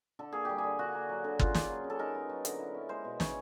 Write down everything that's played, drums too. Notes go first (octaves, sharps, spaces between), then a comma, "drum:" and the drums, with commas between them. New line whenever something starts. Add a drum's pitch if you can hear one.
D3 A4
A#3 G#4
G3 G4
G#4
D3
D3 F#4
A#3
F#3
D3
C#3 F4, drum: kick
A#3, drum: snare
F#3
C#3
A4
D#4 A#4
B3
F#3
D3, drum: hi-hat
E4
C#4
G#3 C5
B2
C#3 C#5, drum: snare